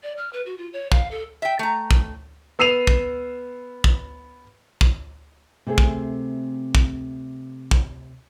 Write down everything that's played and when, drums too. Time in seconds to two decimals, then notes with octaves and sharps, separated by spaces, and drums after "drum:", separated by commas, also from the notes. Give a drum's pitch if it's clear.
0.03 D5
0.17 F6
0.33 B4
0.46 F#4
0.58 F4
0.73 C#5
0.92 F5, drum: kick
1.11 A4
1.42 E5 G5
1.59 A3 A#5
1.91 drum: kick
2.59 B3 E6 C7 D#7 F7
2.87 drum: kick
3.84 drum: kick
4.81 drum: kick
5.67 C3 A3 C4 G#4
5.78 drum: kick
6.75 drum: kick
7.71 drum: kick